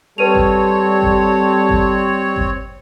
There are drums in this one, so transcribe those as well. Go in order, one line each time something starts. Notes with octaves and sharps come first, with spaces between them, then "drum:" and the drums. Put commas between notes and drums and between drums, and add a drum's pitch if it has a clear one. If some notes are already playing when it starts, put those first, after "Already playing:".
G3 C4 A4 B4 C#5 D#7 F7
drum: kick G1
drum: kick G1
drum: kick G1
drum: kick G1